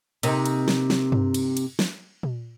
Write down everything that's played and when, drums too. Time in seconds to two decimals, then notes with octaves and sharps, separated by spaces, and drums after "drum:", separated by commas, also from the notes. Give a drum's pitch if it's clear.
0.23 C3 A#3 D#4, drum: cymbal
0.46 drum: cymbal
0.68 drum: snare
0.90 drum: snare
1.12 drum: tom G2
1.34 drum: cymbal
1.57 drum: cymbal
1.79 drum: snare
2.23 drum: tom A#2